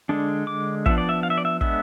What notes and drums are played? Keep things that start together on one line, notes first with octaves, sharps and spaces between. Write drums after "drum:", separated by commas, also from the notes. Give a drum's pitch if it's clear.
D3 G#3 D4
D6
F3 B3 D4 E5, drum: kick
D5
E5
F5
E5
D5
E5
G#3 B3 D4 E5, drum: kick